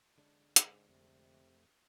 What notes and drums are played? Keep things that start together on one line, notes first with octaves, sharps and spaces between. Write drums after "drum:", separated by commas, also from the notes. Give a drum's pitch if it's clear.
D3 G#3 D4
G#2, drum: hi-hat
F2 C3 A3